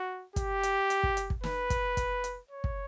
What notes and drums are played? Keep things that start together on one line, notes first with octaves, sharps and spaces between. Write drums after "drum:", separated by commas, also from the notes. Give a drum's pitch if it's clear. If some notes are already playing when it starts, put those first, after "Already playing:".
Already playing: F#4
G4, drum: kick, hi-hat
drum: hi-hat
drum: hi-hat
drum: kick
drum: hi-hat
drum: kick
B4, drum: snare
drum: kick, hi-hat
drum: kick, hi-hat
drum: hi-hat
C#5
drum: kick